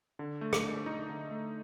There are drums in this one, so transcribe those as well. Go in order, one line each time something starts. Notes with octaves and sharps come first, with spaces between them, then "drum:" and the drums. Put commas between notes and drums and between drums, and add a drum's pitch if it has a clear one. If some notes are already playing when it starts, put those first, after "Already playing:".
D3
A3
drum: rim click
D3
D#4
D3
A3